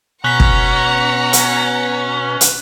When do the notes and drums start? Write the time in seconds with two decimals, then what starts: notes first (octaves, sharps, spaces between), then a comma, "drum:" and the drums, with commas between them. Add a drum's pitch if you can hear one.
0.24 B2 C#4 F#5 A#5 F#6 B6
0.40 drum: kick
1.33 drum: hi-hat
2.41 drum: hi-hat